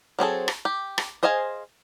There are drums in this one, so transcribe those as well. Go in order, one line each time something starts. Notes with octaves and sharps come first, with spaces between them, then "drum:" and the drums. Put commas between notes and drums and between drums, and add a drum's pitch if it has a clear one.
F#3 C4 G#4 A4
drum: rim click
G4
drum: rim click
G#4 C5 D#5 F5 G#5